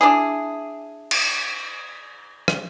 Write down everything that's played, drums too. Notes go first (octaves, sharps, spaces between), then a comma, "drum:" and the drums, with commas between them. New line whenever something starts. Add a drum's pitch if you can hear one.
D4 E4 G#4
drum: cymbal
drum: rim click